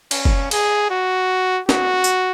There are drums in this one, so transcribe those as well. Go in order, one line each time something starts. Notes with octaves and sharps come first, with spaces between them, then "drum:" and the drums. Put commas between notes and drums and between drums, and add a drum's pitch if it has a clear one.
C#4, drum: cymbal
drum: kick F#1
G#4, drum: cymbal
F#4
F#4, drum: snare
drum: tambourine